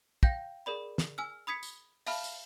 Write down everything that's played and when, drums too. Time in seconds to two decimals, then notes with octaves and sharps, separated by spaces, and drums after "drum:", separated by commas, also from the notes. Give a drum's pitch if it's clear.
0.23 F5 G5 G6 A#6, drum: kick
0.66 G#4 A#4 D5 B5
0.98 drum: snare
1.18 G#5 E6 F6
1.47 B5 D#6 G#6 B6 C#7
1.63 drum: tambourine
2.06 E5 F5 A5 B5 F6, drum: open hi-hat
2.24 drum: tambourine